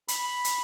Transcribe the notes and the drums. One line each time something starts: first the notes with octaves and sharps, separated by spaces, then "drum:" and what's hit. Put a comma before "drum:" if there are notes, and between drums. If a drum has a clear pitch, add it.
B5, drum: hi-hat
drum: hi-hat